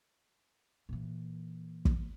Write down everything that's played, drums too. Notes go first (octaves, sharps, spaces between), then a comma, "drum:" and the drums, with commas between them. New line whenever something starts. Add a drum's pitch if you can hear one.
A#2 E3
drum: kick